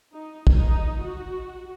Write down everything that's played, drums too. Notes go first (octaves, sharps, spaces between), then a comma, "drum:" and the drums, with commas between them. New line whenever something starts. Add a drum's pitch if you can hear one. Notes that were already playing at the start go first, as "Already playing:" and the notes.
D#4
D#4, drum: kick
F#4